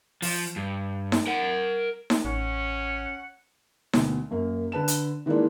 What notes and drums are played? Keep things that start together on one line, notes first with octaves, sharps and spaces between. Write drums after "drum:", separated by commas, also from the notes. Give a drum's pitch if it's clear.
F3, drum: open hi-hat
G2
drum: snare D#4
A#4 F#5
drum: snare D#4
A1 C#4 F#5
D2 B2, drum: snare D#4
F#2 A#3
D3 B4 A5 E7
drum: hi-hat
D#3 E3 G#3 A#3 C4 D4